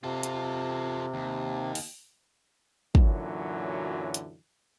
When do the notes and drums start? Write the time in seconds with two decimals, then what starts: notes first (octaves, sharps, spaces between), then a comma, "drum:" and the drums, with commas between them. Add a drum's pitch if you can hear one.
0.03 C3 F4 A4
0.23 drum: hi-hat
1.14 D#2
1.75 drum: open hi-hat
2.95 F#2 A#2 D3 E3 F#3, drum: kick
4.14 drum: hi-hat